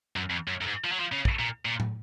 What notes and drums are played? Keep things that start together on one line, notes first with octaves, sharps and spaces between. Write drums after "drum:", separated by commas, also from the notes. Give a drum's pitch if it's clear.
F#2
F2
F#2
F#2
G#2
F3
F#3
F3
C#3
drum: kick
A#2
A#2
drum: tom A2